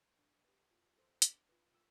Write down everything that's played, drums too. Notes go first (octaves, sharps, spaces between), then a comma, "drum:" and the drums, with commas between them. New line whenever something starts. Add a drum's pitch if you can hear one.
D4
G4 B4
F4
A4 C5
D4 D6, drum: hi-hat
F4 B4
F4 E6